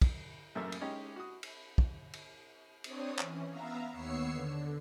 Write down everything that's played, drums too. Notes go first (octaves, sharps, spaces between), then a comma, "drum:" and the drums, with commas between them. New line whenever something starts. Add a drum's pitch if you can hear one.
drum: kick, cymbal
A1 F#2 C#3 A3 A#3 E5
drum: cymbal
G#3 C#4 D#4 G4
F#4 D#6
drum: cymbal
drum: kick
drum: cymbal
C4 D4 C#5 D#6, drum: cymbal
E3 C#4, drum: clap
B3 E5 F5 A#5
D#2 B3 C#5 E6 C7 C#7
D3